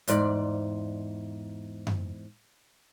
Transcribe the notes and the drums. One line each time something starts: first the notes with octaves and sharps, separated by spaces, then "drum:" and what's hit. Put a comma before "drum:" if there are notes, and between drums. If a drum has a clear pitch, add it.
E2 G#2 D5, drum: hi-hat
drum: tom F#2